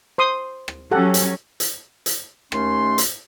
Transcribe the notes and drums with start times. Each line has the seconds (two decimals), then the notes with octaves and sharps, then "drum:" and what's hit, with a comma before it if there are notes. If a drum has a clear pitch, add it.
0.18 C5 C6 D#6
0.68 drum: rim click
0.91 F#3 C#4 G4 A4 F#5
1.14 drum: hi-hat
1.60 drum: hi-hat
2.06 drum: hi-hat
2.52 D#2 A3 C#4 C6, drum: rim click
2.98 drum: hi-hat